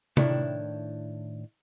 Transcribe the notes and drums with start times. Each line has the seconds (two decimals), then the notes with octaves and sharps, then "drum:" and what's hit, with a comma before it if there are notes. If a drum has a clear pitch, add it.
0.17 A2 D#3 D4 E4, drum: tom C3